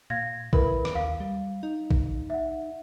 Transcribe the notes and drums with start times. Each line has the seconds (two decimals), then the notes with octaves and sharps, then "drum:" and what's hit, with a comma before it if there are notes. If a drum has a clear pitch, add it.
0.10 A#2 F5 G#6 A#6
0.53 E4 A#4 B4 B5, drum: kick
0.85 drum: rim click
0.95 D#2 F5
1.20 G3
1.63 D#4
1.91 drum: kick
2.30 E5 F#5